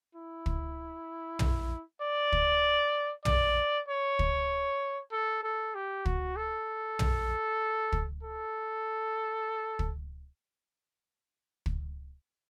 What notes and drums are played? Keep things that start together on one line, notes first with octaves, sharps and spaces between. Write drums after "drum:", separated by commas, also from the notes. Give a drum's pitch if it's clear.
E4
drum: kick
drum: tom
D5
drum: kick
D5, drum: tom
C#5
drum: kick
A4
A4
G4
F#4, drum: kick
A4
drum: tom
drum: kick
A4
drum: kick
drum: kick